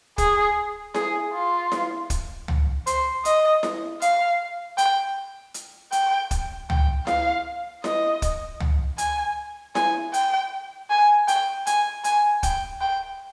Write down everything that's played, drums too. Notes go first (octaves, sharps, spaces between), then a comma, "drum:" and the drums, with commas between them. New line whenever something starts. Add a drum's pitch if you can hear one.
G#4, drum: kick, hi-hat
G#4, drum: snare E4
F4
drum: snare E4
drum: kick, hi-hat
drum: tom
C5, drum: hi-hat
D#5, drum: hi-hat
drum: snare E4
F5, drum: hi-hat
G5, drum: hi-hat
drum: hi-hat
G5, drum: hi-hat
drum: kick, hi-hat
G5, drum: tom
F5, drum: snare E4
D#5, drum: snare E4
drum: kick, hi-hat
drum: tom
G#5, drum: hi-hat
G#5, drum: snare E4
G5, drum: hi-hat
G#5
G5, drum: hi-hat
G#5, drum: hi-hat
G#5, drum: hi-hat
G5, drum: kick, hi-hat
G5